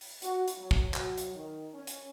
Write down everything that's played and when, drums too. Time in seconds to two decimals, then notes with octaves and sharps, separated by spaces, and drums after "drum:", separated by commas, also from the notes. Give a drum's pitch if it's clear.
0.01 drum: open hi-hat
0.22 F#4, drum: hi-hat
0.48 drum: hi-hat
0.59 F#3
0.71 drum: kick
0.94 F#3, drum: clap
1.17 drum: hi-hat
1.34 D#3
1.73 C#4
1.87 drum: hi-hat